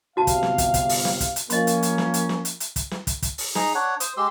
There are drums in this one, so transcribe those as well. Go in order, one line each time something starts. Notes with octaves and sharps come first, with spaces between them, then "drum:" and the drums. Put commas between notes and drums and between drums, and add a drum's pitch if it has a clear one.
G1 C3 F#4 F5 A5
drum: kick, hi-hat
drum: snare
drum: kick, hi-hat
drum: kick, hi-hat
drum: open hi-hat
drum: snare
drum: kick, hi-hat
drum: hi-hat
F3 A#3 C#4 D#5 C6, drum: hi-hat
drum: hi-hat
drum: hi-hat
drum: snare
drum: hi-hat
drum: snare
drum: hi-hat
drum: hi-hat
drum: kick, hi-hat
drum: snare
drum: kick, hi-hat
drum: kick, hi-hat
drum: open hi-hat
D#4 G#4 A#5, drum: snare
D4 C#5 F#5
C5 D#6, drum: hi-hat
G#3 G4 C6 E6